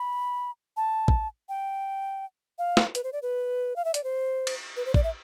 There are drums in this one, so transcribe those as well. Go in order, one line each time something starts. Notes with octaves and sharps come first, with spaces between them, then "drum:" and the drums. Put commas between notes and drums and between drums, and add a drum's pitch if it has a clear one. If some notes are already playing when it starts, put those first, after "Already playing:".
Already playing: B5
A5
drum: kick
G5
F5
drum: snare
B4, drum: hi-hat
C5
D5
B4
F5
E5
D5, drum: hi-hat
C5
drum: cymbal
B4
C5
D5, drum: kick
E5